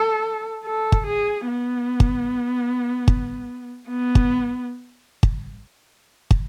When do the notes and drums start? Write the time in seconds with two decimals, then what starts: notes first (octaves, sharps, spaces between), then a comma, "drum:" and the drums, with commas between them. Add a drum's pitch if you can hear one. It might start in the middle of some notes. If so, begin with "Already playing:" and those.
Already playing: A4
0.65 A4
0.92 drum: kick
1.06 G#4
1.47 B3
2.00 drum: kick
3.08 drum: kick
3.89 B3
4.15 drum: kick
5.23 drum: kick
6.31 drum: kick